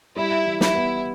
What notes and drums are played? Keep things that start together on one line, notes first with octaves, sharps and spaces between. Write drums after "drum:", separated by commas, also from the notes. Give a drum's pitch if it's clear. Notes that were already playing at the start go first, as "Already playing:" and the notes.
G3 E4
E3
E4, drum: snare
B3